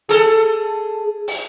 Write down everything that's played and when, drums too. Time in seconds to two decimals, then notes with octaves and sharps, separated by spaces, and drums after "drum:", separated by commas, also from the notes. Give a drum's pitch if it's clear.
0.09 G#4 A4
1.28 drum: open hi-hat